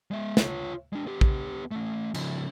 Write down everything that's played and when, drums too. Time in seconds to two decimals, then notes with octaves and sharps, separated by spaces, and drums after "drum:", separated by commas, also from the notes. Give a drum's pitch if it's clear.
0.11 G#3 E5
0.37 F4 C#5, drum: snare
0.93 G#3 D4
1.06 B3 G4
1.21 drum: kick
1.71 A3 C#4
2.14 C#3 F3, drum: cymbal